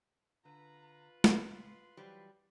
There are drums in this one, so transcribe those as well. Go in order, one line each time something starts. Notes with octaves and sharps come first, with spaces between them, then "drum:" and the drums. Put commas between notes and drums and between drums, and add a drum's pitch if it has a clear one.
D3 F4 B4 A#5
C#2 A2 C6, drum: snare
E3 F#3 G3 C5